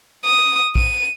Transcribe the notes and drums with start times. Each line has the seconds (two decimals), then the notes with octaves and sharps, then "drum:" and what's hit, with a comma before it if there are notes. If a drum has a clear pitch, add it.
0.25 D#6
0.75 D#7, drum: kick A#1